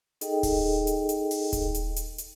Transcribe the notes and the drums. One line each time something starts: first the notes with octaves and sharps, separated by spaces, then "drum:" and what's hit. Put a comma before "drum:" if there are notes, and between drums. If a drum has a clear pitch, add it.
D#4 G#4 A4 D#5 G5, drum: hi-hat
drum: kick D#1, open hi-hat
drum: hi-hat
drum: hi-hat
drum: open hi-hat
drum: kick D#1, hi-hat
drum: hi-hat
drum: hi-hat
drum: hi-hat